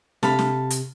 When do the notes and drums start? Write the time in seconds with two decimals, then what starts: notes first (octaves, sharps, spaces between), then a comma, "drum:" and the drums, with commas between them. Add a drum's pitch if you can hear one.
0.23 C3 A4 F5 B5, drum: snare
0.39 drum: snare
0.70 drum: hi-hat